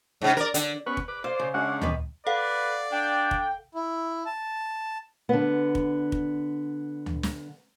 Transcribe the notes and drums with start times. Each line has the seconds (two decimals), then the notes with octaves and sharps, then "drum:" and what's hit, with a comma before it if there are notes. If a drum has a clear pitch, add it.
0.22 G#2 C#3
0.37 A#4 D5
0.54 D3, drum: hi-hat
0.87 B3 C#4 B4 C#6
0.97 drum: kick
1.08 B4 D6
1.24 C5 D5 F5 C6
1.40 C#3
1.54 G#3 C#4 D4 F#5
1.81 D#3 B3 B4, drum: tom D2
2.26 A4 B4 D5 F5 F#5
2.92 D4 G5
3.31 drum: kick
3.75 E4
4.26 A5
5.29 D3 B3
5.75 drum: kick
6.12 drum: kick
7.06 drum: tom D2
7.23 drum: snare